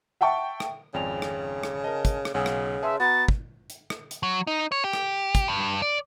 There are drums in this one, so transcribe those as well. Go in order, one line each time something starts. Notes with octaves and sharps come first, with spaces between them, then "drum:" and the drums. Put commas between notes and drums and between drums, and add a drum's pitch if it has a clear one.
E5 F#5 G5 A5 C#6
drum: rim click
G#1 F2 C#3 D5 G5 G#5 F7
drum: rim click
drum: rim click
A#4 D#5 A5
drum: kick, hi-hat
drum: rim click
B1 C#3 F#5 G#5 D#6 E6
drum: rim click
G#4 B4 C#5 E5 A5 C6
B3 F#4 A#5 B5 A6
drum: kick
drum: hi-hat
drum: rim click
drum: hi-hat
F#3
D#4
C#5
G4
drum: rim click
drum: kick, hi-hat
G2
D5